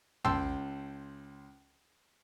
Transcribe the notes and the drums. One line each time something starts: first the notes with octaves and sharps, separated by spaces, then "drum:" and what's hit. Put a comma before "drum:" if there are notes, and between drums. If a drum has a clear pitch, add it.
C#2 G5 A5 C6 E6, drum: tom